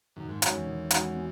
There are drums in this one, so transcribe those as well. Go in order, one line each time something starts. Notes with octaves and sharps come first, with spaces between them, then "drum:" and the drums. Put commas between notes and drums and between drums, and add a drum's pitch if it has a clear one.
F#2 D#3
G#2
F#2 G#3 C#4 F#4, drum: hi-hat
E2
D#3
G#3 C#4 F#4, drum: hi-hat
B2